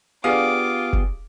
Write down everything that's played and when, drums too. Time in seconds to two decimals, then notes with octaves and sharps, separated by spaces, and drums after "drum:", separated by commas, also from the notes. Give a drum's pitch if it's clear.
0.24 B3 D4 F4 G4 G#4 F5 D6 D#6
0.93 drum: kick